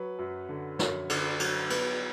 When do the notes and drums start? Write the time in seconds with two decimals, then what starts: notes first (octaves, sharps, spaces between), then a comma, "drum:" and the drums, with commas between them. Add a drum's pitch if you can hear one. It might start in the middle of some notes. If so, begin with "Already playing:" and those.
Already playing: F#3 B4
0.19 F#2
0.49 D3
0.79 F#2 C#5, drum: snare
1.09 D3, drum: cymbal
1.40 F#3, drum: cymbal
1.70 B3 B4, drum: cymbal